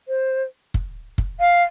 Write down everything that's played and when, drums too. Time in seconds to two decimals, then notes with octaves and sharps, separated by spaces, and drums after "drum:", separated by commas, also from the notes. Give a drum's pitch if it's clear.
0.08 C5
0.74 drum: kick
1.18 drum: kick
1.40 F5